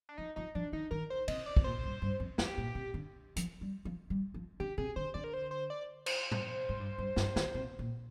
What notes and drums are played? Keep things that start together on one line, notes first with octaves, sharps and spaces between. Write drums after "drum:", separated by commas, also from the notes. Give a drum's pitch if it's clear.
D4
F3 D#4
F3 D#4
F3 D4
D#3 D#4
D#3 A#4
C5
C3 D#5, drum: cymbal
D5
C3, drum: kick
A#2 C5
G2
G2
F2
F2 G4, drum: snare
A#2
C3
D3
F3, drum: hi-hat
G3
F3
G3
F3
D3 G4
C3 G#4
D3 C5
D3 D5
A#4
C5
C5
D5
C5, drum: cymbal
drum: tom A2
G#2
G2
G2
G2, drum: snare
D#3, drum: snare
C3
A#2